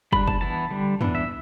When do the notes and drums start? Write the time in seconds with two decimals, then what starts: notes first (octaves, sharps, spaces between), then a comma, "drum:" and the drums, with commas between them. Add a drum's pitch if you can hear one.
0.12 G3 D4 B5, drum: kick
0.27 A5, drum: kick
0.41 E3 B3 E4 A5
0.71 D3 G3 D4
1.01 E3 B3 D4, drum: tom
1.15 E5